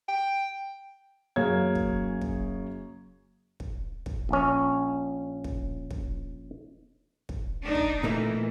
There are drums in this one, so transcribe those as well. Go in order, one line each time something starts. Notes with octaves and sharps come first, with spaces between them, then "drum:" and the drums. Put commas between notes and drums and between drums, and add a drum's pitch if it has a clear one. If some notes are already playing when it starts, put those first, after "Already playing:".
G5
F#2 C#3 A#3 G#4 C#5 G#6
drum: kick
drum: kick
drum: kick
drum: kick
A#1 C#4
drum: kick
drum: kick
drum: kick
D4 D#4
drum: kick
A#2 E3 A3 A#3